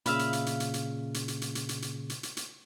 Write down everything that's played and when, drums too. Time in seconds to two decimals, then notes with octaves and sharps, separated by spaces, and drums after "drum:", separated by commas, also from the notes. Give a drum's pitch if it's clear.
0.06 A#2 C#3 E5 F5 B5, drum: hi-hat
0.19 drum: hi-hat
0.33 drum: hi-hat
0.46 drum: hi-hat
0.60 drum: hi-hat
0.74 drum: hi-hat
1.14 drum: hi-hat
1.28 drum: hi-hat
1.42 drum: hi-hat
1.55 drum: hi-hat
1.69 drum: hi-hat
1.82 drum: hi-hat
2.10 drum: hi-hat
2.23 drum: hi-hat
2.37 drum: hi-hat